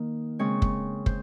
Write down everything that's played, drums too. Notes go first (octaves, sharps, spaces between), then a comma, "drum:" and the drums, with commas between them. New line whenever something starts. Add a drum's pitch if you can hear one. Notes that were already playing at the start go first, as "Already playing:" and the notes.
Already playing: D#3 A#3
C#3 G#3 C4 C#5
drum: kick
C5, drum: kick